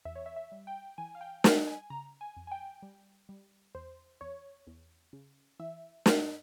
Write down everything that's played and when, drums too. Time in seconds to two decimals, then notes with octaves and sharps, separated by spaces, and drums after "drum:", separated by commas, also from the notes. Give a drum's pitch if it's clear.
0.05 E2 E5
0.15 C#5
0.26 E5
0.36 E5
0.52 G3
0.67 G5
0.98 E3 G#5
1.15 F5
1.21 G5
1.44 G3 G#5, drum: snare
1.67 G#5
1.90 C#3 A#5
2.21 G#5
2.37 F2
2.47 G#5
2.51 G5
2.83 G3
3.29 G3
3.75 E2 C5
4.21 E2 C#5
4.67 E2
5.13 C#3
5.60 E3 E5
6.06 G2, drum: snare